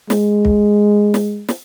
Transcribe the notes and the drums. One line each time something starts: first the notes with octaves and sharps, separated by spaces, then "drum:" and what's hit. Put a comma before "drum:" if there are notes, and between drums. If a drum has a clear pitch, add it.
G#3, drum: snare
drum: kick
drum: snare
drum: snare